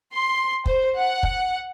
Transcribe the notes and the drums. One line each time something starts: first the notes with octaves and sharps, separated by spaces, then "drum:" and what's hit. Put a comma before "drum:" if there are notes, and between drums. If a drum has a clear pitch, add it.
C6
C5, drum: kick
F#5
drum: kick